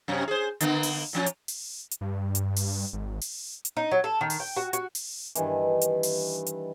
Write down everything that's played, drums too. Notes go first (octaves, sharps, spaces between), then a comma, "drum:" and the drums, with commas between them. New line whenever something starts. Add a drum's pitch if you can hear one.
F#2 C3 C#4
G#4 C5
D3 A#3 B3, drum: hi-hat
drum: open hi-hat
A#2 F3 C#4
drum: hi-hat
drum: open hi-hat
drum: hi-hat
G2
drum: hi-hat
drum: open hi-hat
G#1
drum: open hi-hat
drum: hi-hat
D#4
F#3
A4
D#3
drum: open hi-hat
G5
F#4
F#4, drum: hi-hat
drum: open hi-hat
G2 D#3 E3, drum: hi-hat
drum: hi-hat
drum: open hi-hat
drum: hi-hat